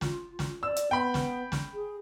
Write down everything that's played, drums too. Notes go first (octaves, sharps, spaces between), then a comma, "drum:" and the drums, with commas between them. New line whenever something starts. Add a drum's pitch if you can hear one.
F4, drum: snare
drum: snare
D5 E6
drum: hi-hat
B3 G5 B5
drum: snare
drum: snare
G#4